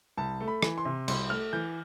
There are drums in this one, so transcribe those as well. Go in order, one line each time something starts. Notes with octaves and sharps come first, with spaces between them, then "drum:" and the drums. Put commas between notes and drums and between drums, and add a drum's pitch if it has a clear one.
C2 A5
A3
B5
E3, drum: rim click
C6
C3
C2 C6, drum: cymbal
A3 F6
E3 G6